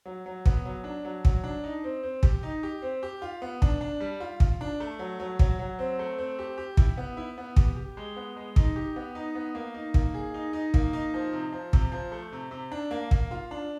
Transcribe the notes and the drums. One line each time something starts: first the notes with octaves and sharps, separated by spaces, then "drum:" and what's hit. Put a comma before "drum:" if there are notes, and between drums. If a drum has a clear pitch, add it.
F#3
F#3
B3, drum: kick
F#3
D4
F#3
F#3, drum: kick
D4
D#4
C4
C4
G4, drum: kick
D#4
G4
C4
G4
F4
B3
D4, drum: kick
D4
G3
F4
F4, drum: kick
D4
A3
F#3
F#3
F#3, drum: kick
F#3
C4
A3
C4
G4
G4
E4, drum: kick
B3
E4
B3
G4, drum: kick
G4
G#3
B3
G#3
D#4, drum: kick
G4
B3
D#4
B3
A#3
D#4
A#3, drum: kick
G#4
D#4
D#4
A#3, drum: kick
D#4
F3
C3
F3
C3, drum: kick
F3
A3
C3
C3
D4
A#3
A#3, drum: kick
F4
D4